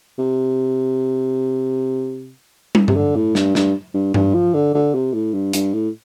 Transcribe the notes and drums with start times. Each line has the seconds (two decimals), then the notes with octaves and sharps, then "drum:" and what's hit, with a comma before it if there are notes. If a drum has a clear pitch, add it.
0.18 C3
2.75 drum: tom
2.88 C3, drum: tom G2
2.96 D3
3.15 A2
3.35 G2, drum: snare
3.55 G2, drum: snare
3.94 G2
4.14 G2, drum: tom G2
4.34 F3
4.54 D3
4.74 D3
4.94 C3
5.13 A2
5.33 G2
5.53 G2, drum: hi-hat
5.73 A2